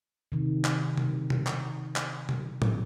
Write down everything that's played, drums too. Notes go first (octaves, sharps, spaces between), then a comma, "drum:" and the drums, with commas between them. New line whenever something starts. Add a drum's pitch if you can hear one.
C3 D#3
drum: clap
drum: tom B2
drum: tom B2
drum: clap
drum: clap
drum: tom B2
drum: tom A2